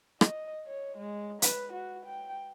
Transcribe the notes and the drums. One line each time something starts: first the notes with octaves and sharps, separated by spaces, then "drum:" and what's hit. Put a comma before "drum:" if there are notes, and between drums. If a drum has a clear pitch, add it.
D#5, drum: rim click
C#5
G#3
B4, drum: hi-hat
F#4
G5